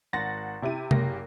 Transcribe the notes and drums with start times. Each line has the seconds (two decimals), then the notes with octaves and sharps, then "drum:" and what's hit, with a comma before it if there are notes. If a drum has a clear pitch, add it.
0.13 G#1 F#5 A6 A#6
0.62 C3 E4 G4 D#7
0.91 F#1 A#3 G4 A#6, drum: tom C3